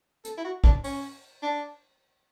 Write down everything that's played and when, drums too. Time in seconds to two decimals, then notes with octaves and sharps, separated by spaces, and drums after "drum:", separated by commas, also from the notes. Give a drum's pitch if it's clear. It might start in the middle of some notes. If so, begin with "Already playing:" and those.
0.25 A4, drum: hi-hat
0.37 E4
0.44 F#4
0.64 D4, drum: kick
0.84 C#4, drum: open hi-hat
1.42 D4